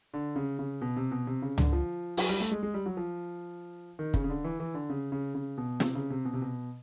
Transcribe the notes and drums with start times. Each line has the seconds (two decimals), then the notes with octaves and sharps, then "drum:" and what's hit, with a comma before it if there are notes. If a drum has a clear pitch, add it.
0.14 D3
0.36 C#3
0.59 C#3
0.81 B2
0.96 C3
1.11 B2
1.27 C3
1.42 C#3
1.58 D3, drum: tom C#2
1.72 F3
2.17 F#3, drum: open hi-hat
2.29 G3
2.40 A3
2.51 G#3
2.63 G#3
2.74 G3
2.86 F#3
2.97 F3
3.99 D#3
4.14 C#3, drum: kick
4.24 C#3
4.29 D3
4.44 E3
4.60 E3
4.74 D3
4.90 C#3
5.12 C#3
5.35 C#3
5.57 B2
5.80 C3, drum: snare
5.95 C#3
6.10 C3
6.25 B2
6.33 C3
6.42 B2